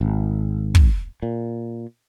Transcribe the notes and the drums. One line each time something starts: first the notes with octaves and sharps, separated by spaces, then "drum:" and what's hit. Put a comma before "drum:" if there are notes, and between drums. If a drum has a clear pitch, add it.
G#1
drum: kick
A#2